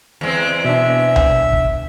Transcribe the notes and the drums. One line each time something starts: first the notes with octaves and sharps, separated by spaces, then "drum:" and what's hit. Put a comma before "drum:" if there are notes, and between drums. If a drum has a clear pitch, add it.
E2 G#3 C4
B2 D4 E5
drum: tom C2
drum: kick